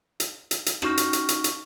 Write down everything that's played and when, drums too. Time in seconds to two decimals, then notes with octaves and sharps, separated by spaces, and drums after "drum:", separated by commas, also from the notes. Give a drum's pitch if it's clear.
0.20 drum: hi-hat
0.51 drum: hi-hat
0.66 drum: hi-hat
0.82 C#4 D#4 F#4 C#6 F6 A#6, drum: rim click
0.97 drum: hi-hat
1.13 drum: hi-hat
1.29 drum: hi-hat
1.44 drum: hi-hat